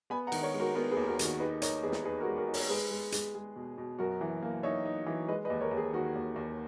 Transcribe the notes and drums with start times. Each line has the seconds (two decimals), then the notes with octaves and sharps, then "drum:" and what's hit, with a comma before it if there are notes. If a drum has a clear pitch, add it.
0.10 B3 G#5 B5
0.27 F#5 A#5
0.32 D#3, drum: cymbal
0.42 A#4 C#5
0.54 G#3
0.60 F#4 A#4
0.75 B3 F#4 A#4
0.91 G#4 B4
0.97 D#2
1.07 F#4 A#4
1.19 D#3 F#4 A#4, drum: hi-hat
1.40 D#4 G#4 B4
1.62 D#4 A#4 C#5, drum: hi-hat
1.83 E2 G#4 B4
1.92 drum: snare
2.04 D#4 G#4 B4
2.21 F#4 A#4
2.26 G#3
2.37 F#4 A#4
2.48 D#4
2.54 A#4 C#5, drum: open hi-hat
2.69 G#3 G#4 B4
2.91 G#3
3.12 G#3, drum: hi-hat
3.35 G#3
3.56 B2
3.78 B2
3.99 F#2 F#4 A#4
4.21 E3
4.42 A#3
4.63 D#4 C#5 E5
4.85 D#4
5.06 E3
5.28 G#3 B4 D#5
5.45 B4 D#5
5.50 D#2
5.60 A#4 C#5
5.71 D#2
5.77 G#4
5.93 D#3 F#4
6.15 D#2
6.36 D#2